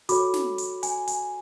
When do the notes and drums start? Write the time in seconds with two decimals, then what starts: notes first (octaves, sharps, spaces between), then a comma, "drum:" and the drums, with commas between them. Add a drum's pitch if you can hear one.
0.09 F#4 A4 C#5 B5 D6, drum: hi-hat
0.34 drum: snare
0.58 drum: hi-hat
0.83 G#5, drum: hi-hat
1.07 G#5, drum: hi-hat